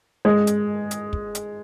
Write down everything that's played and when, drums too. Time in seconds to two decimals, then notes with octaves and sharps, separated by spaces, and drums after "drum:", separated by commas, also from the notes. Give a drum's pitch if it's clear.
0.25 G#3
0.47 drum: hi-hat
0.91 drum: hi-hat
1.13 drum: kick
1.35 drum: hi-hat